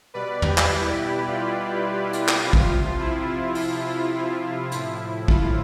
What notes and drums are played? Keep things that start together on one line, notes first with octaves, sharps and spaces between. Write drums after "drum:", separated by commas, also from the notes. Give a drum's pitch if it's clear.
B2 G3 B4 D5
G4 B4, drum: tom
drum: clap
E4 G4
F4
drum: hi-hat
drum: clap
C3 F3 F4
drum: kick
E4
drum: open hi-hat
E4
A2 F3, drum: hi-hat
F4, drum: kick